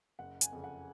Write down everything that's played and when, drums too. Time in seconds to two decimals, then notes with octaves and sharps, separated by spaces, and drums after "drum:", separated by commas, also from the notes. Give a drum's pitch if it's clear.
0.19 F#1 F#5
0.41 G#5, drum: hi-hat
0.53 F2 C#3
0.64 F#5